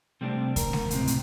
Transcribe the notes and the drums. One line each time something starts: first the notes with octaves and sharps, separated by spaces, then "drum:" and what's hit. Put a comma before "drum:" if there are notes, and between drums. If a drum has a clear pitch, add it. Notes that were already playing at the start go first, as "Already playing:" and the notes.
C3 G3 A3 C4 D4
A#4, drum: kick D#2, hi-hat
drum: snare G#3
C#2 A2 C3, drum: hi-hat
drum: hi-hat